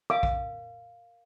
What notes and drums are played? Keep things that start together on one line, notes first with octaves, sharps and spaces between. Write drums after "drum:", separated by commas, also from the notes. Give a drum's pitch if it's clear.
A#4 F5 D6
drum: kick B1